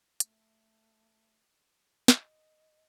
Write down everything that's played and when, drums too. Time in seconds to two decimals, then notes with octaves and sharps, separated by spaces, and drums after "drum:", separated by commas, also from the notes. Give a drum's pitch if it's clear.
0.20 A3, drum: hi-hat
2.08 D#5, drum: snare